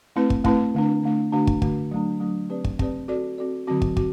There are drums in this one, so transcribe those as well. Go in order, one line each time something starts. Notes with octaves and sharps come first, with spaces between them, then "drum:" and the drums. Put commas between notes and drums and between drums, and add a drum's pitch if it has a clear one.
A3 C4 E4 B4
drum: kick
A3 C4 E4 B4, drum: kick
D3 A3 D4
D3 A3 D4
D3 A3 D4 F#4
drum: kick
D3 A3 D4 F#4, drum: kick
F#3 A3 D4
F#3 A3 D4
C4 G4 B4 D5
drum: kick
C4 G4 B4 D5, drum: kick
C4 F#4 A4 D5
C4 F#4 A4 D5
D3 F#3 C4 F#4
drum: kick
C4 F#4, drum: kick